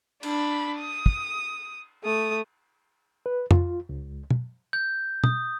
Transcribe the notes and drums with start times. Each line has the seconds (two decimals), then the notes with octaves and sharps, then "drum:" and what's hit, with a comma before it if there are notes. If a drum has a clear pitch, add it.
0.23 D4 B5, drum: cymbal
0.80 D#6
1.06 drum: kick
2.04 A3 D#6
3.26 B4
3.51 F4, drum: tom
3.89 C#2
4.30 drum: tom
4.73 G6
5.24 D#6, drum: tom